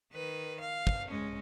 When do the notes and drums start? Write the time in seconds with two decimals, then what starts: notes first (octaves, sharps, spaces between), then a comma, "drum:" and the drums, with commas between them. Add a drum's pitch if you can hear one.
0.13 D#3 B4
0.60 F5
0.87 drum: kick
1.06 G#3 C#4